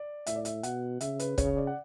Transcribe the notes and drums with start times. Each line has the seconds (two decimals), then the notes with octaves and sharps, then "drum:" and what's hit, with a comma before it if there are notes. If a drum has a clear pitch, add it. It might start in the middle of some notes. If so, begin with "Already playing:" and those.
Already playing: D5
0.26 A2 E5, drum: hi-hat
0.36 D5
0.45 E5, drum: hi-hat
0.63 B2 F#5, drum: hi-hat
1.01 C#3 E5, drum: hi-hat
1.19 B4, drum: hi-hat
1.38 C#3 C#5, drum: kick, hi-hat
1.57 D5
1.67 F#5